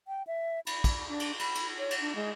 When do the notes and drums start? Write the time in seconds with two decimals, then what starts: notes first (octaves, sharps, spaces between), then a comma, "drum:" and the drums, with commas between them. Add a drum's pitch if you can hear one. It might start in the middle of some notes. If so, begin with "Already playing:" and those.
0.08 G5
0.27 E5
0.67 B5, drum: cymbal
0.84 drum: kick, cymbal
1.09 D4
1.20 drum: cymbal
1.39 B5, drum: cymbal
1.55 drum: cymbal
1.78 C#5
1.91 drum: cymbal
2.01 D4
2.16 G#3